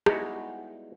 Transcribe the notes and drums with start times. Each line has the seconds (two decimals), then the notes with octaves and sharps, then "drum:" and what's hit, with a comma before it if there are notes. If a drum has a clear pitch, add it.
0.06 G3 G#3 B3 D#4 E4 F#4, drum: rim click